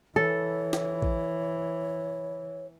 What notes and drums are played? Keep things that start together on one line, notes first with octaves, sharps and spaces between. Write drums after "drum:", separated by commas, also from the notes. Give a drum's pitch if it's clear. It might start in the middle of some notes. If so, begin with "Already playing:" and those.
E3 A4 C#5
drum: snare
drum: kick A1